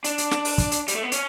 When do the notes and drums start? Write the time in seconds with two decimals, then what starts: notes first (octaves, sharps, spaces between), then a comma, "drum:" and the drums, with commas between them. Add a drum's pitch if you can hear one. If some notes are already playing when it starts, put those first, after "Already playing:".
0.04 D4, drum: hi-hat
0.18 drum: hi-hat
0.31 drum: snare
0.45 drum: open hi-hat
0.58 drum: kick, hi-hat
0.71 drum: hi-hat
0.88 G3, drum: hi-hat
0.95 A3
1.03 B3
1.12 C#4, drum: hi-hat